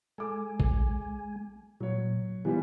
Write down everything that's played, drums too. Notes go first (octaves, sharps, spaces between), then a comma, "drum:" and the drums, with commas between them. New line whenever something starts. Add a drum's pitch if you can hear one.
G#3 A4 G#5 D6
drum: kick A#1
A#2 F#3 C#5
E3 F3 G3 B3 E4 G4